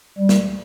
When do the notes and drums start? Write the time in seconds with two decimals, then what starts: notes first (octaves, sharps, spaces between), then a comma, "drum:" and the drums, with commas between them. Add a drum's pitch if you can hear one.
0.18 G3
0.29 drum: snare